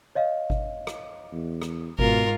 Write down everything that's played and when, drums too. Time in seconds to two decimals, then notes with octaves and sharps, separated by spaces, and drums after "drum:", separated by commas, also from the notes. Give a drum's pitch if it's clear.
0.15 C#5 D#5 F5
0.50 drum: kick G1
0.87 drum: rim click
1.32 E2
1.62 drum: rim click
1.99 G#2 B2 F4 A#4, drum: kick G1